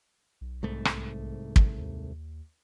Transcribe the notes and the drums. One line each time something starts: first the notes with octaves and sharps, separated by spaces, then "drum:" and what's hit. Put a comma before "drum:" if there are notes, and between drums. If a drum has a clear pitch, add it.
B1
C2 G#2 A3
drum: rim click
drum: kick
D#2